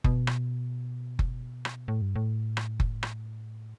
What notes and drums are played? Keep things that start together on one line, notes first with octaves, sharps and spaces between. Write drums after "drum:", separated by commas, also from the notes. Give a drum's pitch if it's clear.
B2, drum: kick F#1
drum: rim click
drum: kick F#1
drum: rim click
A2
G2
A2
drum: rim click
drum: kick F#1
drum: rim click